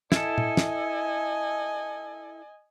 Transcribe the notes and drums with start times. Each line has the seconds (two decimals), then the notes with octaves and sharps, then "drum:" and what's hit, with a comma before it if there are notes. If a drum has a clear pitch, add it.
0.12 E4 A4 D#5 G#5, drum: snare
0.38 drum: tom A#2
0.57 drum: snare